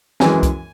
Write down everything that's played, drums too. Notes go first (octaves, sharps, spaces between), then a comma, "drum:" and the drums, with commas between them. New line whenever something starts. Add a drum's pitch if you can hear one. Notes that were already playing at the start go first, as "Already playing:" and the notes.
F#2 E3 G#3 G#5, drum: snare
drum: kick, hi-hat